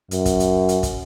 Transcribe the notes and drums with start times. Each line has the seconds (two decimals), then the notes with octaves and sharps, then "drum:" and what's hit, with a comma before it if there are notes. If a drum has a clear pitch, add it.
0.11 F#2, drum: hi-hat
0.26 drum: kick, hi-hat
0.40 drum: hi-hat
0.69 drum: hi-hat
0.83 drum: kick, hi-hat